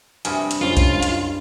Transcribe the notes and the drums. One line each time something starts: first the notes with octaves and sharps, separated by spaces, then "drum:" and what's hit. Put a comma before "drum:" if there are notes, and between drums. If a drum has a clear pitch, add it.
G2 C3 G#5 D#6 F6, drum: hi-hat
drum: hi-hat
F#1 C#4 F4 C5
drum: kick C2, hi-hat
drum: hi-hat